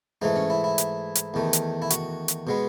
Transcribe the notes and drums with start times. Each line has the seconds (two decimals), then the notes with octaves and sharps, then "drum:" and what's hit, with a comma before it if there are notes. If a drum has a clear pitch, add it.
0.22 G#2 E3 A3 D#4
0.36 C#4
0.50 E4
0.64 E4
0.78 drum: hi-hat
1.15 drum: hi-hat
1.34 E2 D#3 A3
1.53 drum: hi-hat
1.82 E4
1.90 F#4, drum: hi-hat
2.28 drum: hi-hat
2.47 B2 G#3 B3